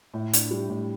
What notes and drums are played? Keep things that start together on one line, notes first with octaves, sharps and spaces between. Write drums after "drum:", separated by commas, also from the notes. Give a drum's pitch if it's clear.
A2
D4, drum: hi-hat
G3
A2